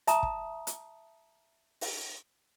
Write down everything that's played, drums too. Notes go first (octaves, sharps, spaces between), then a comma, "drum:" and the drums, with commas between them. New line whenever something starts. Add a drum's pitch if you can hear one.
E5 A5 A#5 D#6, drum: hi-hat
drum: kick
drum: hi-hat
drum: open hi-hat